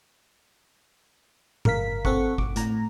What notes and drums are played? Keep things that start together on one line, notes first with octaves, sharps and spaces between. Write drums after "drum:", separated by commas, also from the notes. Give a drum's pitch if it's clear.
G1 A#4 F5 B6, drum: tom G#2
C4 A4 F#5 C#6, drum: kick G#1
D6, drum: kick G#1
A2 A#5, drum: hi-hat